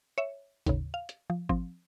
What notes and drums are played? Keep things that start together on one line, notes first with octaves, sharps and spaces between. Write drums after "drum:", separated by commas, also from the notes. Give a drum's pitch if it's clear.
C#5 E5
D#2 A2 C#3, drum: kick G#1, hi-hat
F5
drum: hi-hat
F3
F3 C4, drum: kick G#1